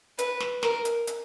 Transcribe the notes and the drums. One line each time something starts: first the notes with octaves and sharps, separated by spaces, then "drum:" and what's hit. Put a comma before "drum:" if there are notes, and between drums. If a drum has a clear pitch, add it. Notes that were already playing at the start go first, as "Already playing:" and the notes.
B4, drum: hi-hat
drum: snare
A#4, drum: snare
drum: hi-hat
drum: hi-hat